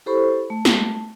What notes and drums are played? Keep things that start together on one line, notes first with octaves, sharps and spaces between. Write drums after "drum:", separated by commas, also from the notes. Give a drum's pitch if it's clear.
E4 G4 A4 C5 B5 C#6
A3
drum: snare